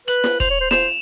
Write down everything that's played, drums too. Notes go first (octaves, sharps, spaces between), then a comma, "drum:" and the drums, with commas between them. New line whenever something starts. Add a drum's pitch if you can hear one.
B4 F#7, drum: hi-hat
drum: snare
C5 F7, drum: kick, hi-hat
C#5
C5
C5 E7, drum: snare